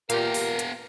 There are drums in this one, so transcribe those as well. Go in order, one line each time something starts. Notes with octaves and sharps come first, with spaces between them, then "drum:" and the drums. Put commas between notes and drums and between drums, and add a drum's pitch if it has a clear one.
A#2 B3 G4 A#4 F5, drum: hi-hat
drum: open hi-hat
drum: hi-hat